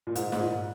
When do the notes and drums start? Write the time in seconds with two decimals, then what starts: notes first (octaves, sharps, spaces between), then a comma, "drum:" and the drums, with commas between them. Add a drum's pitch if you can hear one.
0.07 A#2
0.15 G#2, drum: hi-hat
0.32 G#2, drum: snare
0.40 A#2